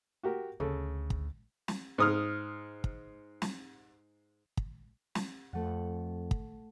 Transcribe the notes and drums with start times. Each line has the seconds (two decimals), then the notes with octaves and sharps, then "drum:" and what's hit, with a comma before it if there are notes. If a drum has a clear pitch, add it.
0.23 F#4 G4 A#4
0.60 D2 C#3 A4
1.10 drum: kick
1.68 drum: snare
1.98 G#2 D#6 F6
2.84 drum: kick
3.42 drum: snare
4.57 drum: kick
5.15 drum: snare
5.53 F2 A3 F#5
6.31 drum: kick